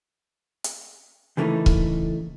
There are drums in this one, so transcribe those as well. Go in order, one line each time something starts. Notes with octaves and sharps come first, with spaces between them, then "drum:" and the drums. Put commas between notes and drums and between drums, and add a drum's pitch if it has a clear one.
drum: hi-hat
C#3 E3 A3 A#3 C#4 D#4
drum: kick C#1